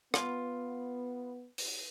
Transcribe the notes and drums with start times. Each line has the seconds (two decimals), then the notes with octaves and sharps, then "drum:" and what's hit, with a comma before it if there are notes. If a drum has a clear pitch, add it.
0.14 B3 F4, drum: rim click
1.58 drum: open hi-hat